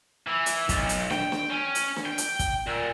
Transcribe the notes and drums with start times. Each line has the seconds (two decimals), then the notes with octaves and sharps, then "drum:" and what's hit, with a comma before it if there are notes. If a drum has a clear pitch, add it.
0.27 E3
0.46 drum: hi-hat
0.69 B1, drum: kick, hi-hat
0.89 drum: hi-hat
1.10 G5, drum: snare
1.32 drum: snare
1.50 C#4
1.75 drum: hi-hat
1.96 drum: snare
2.06 G5
2.18 drum: hi-hat
2.39 drum: kick, hi-hat
2.67 A#2